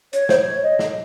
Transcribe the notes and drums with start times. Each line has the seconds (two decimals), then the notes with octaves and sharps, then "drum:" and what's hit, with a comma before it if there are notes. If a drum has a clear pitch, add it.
0.13 C#5, drum: hi-hat
0.29 C5, drum: snare
0.38 C#5
0.63 D#5
0.79 drum: snare